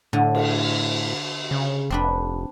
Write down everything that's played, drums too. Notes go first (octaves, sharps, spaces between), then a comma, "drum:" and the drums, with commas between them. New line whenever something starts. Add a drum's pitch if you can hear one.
A2 D3
drum: cymbal
C#3
F1 C4 D4 B4